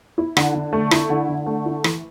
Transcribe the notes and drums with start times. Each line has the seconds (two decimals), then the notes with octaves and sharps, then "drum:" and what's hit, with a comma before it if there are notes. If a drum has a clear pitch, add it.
0.18 E4
0.37 D3, drum: rim click
0.54 D3
0.73 A3
0.91 E4, drum: rim click
1.10 D3
1.29 D3
1.46 A3
1.66 E4
1.84 E3, drum: rim click